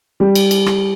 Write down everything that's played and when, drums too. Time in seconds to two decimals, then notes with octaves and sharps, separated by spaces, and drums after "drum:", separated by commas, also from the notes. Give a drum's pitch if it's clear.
0.20 G3
0.35 drum: cymbal
0.51 drum: cymbal
0.66 drum: rim click